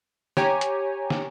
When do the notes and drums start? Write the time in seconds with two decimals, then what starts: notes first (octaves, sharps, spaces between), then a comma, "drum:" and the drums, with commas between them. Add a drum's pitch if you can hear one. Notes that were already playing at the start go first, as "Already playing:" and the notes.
0.37 G4 C#5 G5 G#5 A#5, drum: snare
0.61 drum: hi-hat
1.10 drum: snare